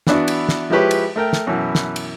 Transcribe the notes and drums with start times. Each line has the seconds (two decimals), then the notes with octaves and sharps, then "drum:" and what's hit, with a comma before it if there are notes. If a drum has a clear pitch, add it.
0.07 E3 B3 D4 E4 F#4, drum: snare
0.28 drum: cymbal
0.49 drum: snare
0.70 F3 G#3 E4 G4 B4 C#5
0.91 drum: cymbal
1.16 A3 A#4 G5
1.33 drum: snare
1.46 F#2 B2 E3
1.75 drum: snare
1.96 drum: cymbal